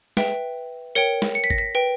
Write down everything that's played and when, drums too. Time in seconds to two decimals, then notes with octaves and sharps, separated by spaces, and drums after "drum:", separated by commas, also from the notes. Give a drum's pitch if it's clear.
0.17 B4 E5 G5, drum: snare
0.95 A#4 C#5 G5 C#7
1.22 drum: snare
1.35 C#7
1.44 B6
1.50 A#6, drum: kick G1
1.58 B6
1.75 B4 G5